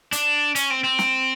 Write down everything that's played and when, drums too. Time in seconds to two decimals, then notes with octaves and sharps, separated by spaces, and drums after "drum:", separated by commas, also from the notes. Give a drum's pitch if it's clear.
0.12 D4, drum: hi-hat
0.55 C#4, drum: hi-hat
0.70 C4
0.84 C4
0.99 drum: snare